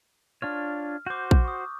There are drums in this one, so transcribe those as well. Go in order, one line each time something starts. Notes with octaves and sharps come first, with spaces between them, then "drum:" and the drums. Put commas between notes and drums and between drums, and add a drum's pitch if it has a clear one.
D4 F4 C#5 F6
F#4 C5 D6 G6
drum: kick A#1
C#6 D#6